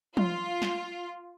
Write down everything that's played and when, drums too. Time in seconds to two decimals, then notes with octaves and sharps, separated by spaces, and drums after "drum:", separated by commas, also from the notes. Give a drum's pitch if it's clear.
0.17 F4, drum: tom
0.62 drum: snare